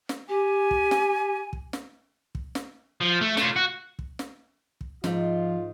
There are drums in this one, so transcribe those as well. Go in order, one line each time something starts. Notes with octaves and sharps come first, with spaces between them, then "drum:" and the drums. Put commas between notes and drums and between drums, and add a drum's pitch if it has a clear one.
drum: snare
G4 G#5
drum: kick
drum: snare
drum: kick
drum: snare
drum: kick
drum: snare
F3
A3
A3 F4, drum: snare
F#4
drum: kick
drum: snare
drum: kick
G#2 F3 F4, drum: snare